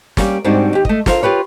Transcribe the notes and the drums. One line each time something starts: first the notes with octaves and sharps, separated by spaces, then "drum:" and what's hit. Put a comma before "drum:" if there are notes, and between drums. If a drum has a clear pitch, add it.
G3 A#3 C#4, drum: snare
G#2 G3 C4 D4 D#4 F#4
D#2 G4
A3 D#5, drum: kick
F4 A4 A#4 C5 E5 F5, drum: snare
F4 G4 B4 C#5